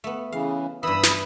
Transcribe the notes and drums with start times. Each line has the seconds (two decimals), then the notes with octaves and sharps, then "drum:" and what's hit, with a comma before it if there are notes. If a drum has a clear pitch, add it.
0.04 A3 B3
0.32 C#3 E3 F5
0.83 G2 E3 B5 D#6 E6
1.03 drum: snare